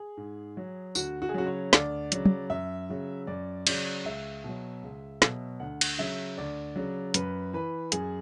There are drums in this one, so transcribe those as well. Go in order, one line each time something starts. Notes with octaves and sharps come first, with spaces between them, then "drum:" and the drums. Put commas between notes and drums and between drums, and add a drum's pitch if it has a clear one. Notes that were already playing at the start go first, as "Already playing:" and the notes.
Already playing: G#4
G#2
F#3
D2 F#4, drum: tambourine
F#4
G#4
C#3 F#3 F#4
C#5
D2 D5, drum: snare
C#3 F#3, drum: hi-hat
drum: tom
F#2 E5
C#3 F#3
F#2 D5
C#3 F#3 D5, drum: cymbal
C#2 E5
B2 F#3
C#2
B2 F#3, drum: snare
D2 F#5
drum: cymbal
C#3 F#3 E5
D2 D5
C#3 F#3
F#2 B4, drum: hi-hat
E3 B4
F#2 G#4, drum: hi-hat